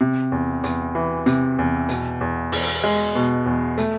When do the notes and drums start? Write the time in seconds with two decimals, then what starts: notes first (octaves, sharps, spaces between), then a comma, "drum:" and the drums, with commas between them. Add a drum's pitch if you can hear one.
0.01 C3
0.32 E2
0.64 E2, drum: hi-hat
0.95 E3
1.26 C3, drum: hi-hat
1.59 E2
1.89 B2, drum: hi-hat
2.21 E2
2.52 E2, drum: open hi-hat
2.84 G#3
3.15 B2
3.46 E2
3.78 A3, drum: hi-hat